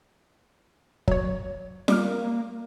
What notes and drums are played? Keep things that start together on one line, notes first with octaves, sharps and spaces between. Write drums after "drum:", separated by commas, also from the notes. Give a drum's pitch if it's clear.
F#3 C#5, drum: kick
G3 A#3 D6 F6, drum: snare F4